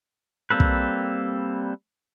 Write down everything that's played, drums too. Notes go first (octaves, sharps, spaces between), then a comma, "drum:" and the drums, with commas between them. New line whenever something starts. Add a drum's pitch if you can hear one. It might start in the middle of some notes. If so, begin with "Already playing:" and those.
G3 A#3 C4 A4 B4
drum: kick